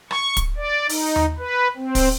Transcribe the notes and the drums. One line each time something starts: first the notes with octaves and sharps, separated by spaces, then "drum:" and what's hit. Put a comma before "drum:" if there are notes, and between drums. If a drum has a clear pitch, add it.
C#6, drum: rim click
drum: kick, hi-hat
D5
D#4, drum: open hi-hat
drum: tom D#2
B4
C4
drum: kick, open hi-hat